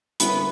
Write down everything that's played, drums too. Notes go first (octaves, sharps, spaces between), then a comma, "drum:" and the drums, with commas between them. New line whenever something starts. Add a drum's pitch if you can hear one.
D3 G3 B3 C#4 E4 A#4, drum: hi-hat